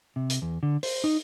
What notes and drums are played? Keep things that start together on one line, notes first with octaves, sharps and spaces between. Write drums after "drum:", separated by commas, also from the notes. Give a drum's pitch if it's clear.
C3
drum: hi-hat
E2
D3
C5, drum: open hi-hat
D#4